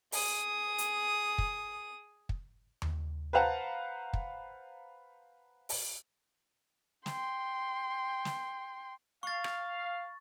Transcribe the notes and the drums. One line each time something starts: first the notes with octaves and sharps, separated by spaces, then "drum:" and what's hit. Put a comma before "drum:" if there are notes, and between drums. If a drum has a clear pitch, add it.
G#4 D#6, drum: open hi-hat
drum: hi-hat
drum: kick
drum: kick
drum: tom D#2
B4 C5 F5 F#5 A5 A#5
drum: kick
drum: open hi-hat
G5 C6, drum: snare
drum: snare
F5 C#6 A6
drum: rim click